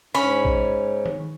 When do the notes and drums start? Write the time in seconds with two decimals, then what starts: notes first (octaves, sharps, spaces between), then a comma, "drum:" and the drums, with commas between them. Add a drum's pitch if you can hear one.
0.15 G#2 C#4 B5
0.45 drum: kick A#1
1.06 drum: tom D#3